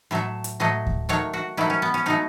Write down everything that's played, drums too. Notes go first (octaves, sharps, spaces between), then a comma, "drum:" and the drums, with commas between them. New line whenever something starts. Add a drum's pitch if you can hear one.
A2 F#3 A3 E5
drum: hi-hat
A2 F#3 A3 D#5
drum: kick D2
D#3 F#3 A3 C#5
F#4
D#3 F#3 A3 E4
C#4
B3
C#4
B2 F#3 A3 D#4